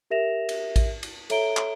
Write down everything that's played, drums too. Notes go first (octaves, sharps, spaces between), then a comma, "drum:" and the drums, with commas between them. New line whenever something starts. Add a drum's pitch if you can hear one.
G4 A#4 E5 A#6 E7 F7
drum: cymbal
drum: kick A1, cymbal
drum: cymbal
A4 C#5 E5 A#5 D7 G7, drum: cymbal
drum: clap